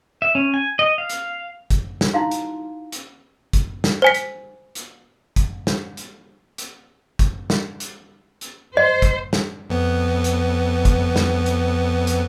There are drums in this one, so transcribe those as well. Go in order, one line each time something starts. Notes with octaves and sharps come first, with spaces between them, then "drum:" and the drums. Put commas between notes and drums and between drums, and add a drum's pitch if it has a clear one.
E5
C#4
G#5
D#5
F5
drum: hi-hat
drum: kick, hi-hat
drum: snare
D#4 E4 F#4 F5 C6
drum: hi-hat
drum: hi-hat
drum: kick, hi-hat
drum: snare
C5 G#5 B6
drum: hi-hat
drum: hi-hat
drum: kick, hi-hat
drum: snare
drum: hi-hat
drum: hi-hat
drum: kick, hi-hat
drum: snare
drum: hi-hat
drum: hi-hat
C5 D#5
drum: kick, hi-hat
drum: snare
F2 B3
drum: hi-hat
drum: kick, hi-hat
drum: snare
drum: hi-hat
drum: hi-hat